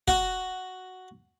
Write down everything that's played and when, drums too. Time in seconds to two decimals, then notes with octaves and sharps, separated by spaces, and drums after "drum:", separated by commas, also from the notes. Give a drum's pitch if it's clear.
0.08 F#4, drum: kick